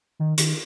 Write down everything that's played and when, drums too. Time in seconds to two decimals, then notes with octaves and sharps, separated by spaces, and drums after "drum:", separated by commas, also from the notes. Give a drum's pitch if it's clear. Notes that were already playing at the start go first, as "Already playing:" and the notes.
0.19 D#3
0.38 D#3, drum: hi-hat